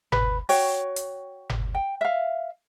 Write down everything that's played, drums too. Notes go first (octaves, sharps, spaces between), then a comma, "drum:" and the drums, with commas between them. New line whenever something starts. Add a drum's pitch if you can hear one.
B4, drum: tom G1
F#4 C#5 G5, drum: open hi-hat
drum: hi-hat
drum: tom G1
G5
E5 F5